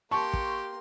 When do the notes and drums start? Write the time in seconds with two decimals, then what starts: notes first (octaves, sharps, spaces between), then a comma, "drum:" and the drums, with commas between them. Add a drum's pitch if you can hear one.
0.11 A#3 G4 A5 C6 C#6
0.33 drum: kick